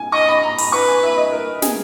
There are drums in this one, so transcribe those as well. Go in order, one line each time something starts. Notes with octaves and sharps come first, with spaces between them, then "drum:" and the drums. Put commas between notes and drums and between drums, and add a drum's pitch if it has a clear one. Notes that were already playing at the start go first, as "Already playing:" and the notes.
Already playing: G#5
D#5 C#6
B5
A#5
B5, drum: open hi-hat
B4 C#6
G#5
E5
D#5
A#4
G#4, drum: snare